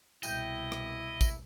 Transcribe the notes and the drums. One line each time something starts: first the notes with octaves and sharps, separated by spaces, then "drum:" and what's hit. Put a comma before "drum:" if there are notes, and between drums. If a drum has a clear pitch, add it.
C2 B2 E4 D#5 G5 G6, drum: tambourine
drum: rim click
drum: kick, tambourine